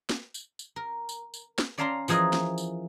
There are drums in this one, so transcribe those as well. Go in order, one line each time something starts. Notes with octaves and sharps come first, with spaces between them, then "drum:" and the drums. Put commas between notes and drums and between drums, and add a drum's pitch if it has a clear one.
drum: snare
drum: tambourine
drum: tambourine
A#4
drum: tambourine
drum: tambourine
drum: snare
C#4 D5 F5 A5 A#5 C6
E3 F3 G#4 A#4 D#5, drum: tambourine
drum: snare
drum: tambourine